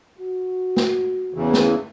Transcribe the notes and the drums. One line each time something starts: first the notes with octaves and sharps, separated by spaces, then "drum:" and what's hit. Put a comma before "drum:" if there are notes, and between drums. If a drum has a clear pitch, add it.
F#4
drum: snare
E2 C#3 E3
drum: snare